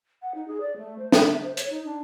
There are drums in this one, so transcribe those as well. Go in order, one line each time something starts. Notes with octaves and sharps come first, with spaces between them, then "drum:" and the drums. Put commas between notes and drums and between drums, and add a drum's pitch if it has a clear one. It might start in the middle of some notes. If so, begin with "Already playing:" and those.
F#5
D#4
G#4
D5
A3
C5
G#4, drum: snare
E5
C5
C#5, drum: hi-hat
D#4
D4